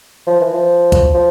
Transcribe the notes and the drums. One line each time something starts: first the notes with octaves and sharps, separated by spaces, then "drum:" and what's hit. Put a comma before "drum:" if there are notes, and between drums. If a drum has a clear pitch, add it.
F3
E3
F3
drum: kick, hi-hat
F3